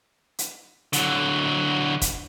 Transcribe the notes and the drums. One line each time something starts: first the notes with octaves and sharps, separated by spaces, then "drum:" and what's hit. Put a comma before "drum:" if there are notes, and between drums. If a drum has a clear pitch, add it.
drum: hi-hat
D3 F#3, drum: hi-hat
drum: kick, hi-hat